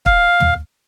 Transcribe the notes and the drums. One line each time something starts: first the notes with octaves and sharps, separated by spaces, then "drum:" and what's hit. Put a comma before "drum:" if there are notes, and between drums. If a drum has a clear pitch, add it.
F5, drum: kick
drum: tom